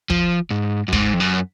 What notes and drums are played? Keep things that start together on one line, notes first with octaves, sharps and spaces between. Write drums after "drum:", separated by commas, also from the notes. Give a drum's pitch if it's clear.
F3, drum: kick
G#2
F#2
G#2, drum: kick
F2
F#2